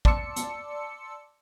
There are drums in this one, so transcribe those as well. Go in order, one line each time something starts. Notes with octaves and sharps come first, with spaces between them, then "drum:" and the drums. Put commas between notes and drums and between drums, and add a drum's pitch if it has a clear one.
D5 A5 C6 D6 E6 C#7, drum: kick
drum: hi-hat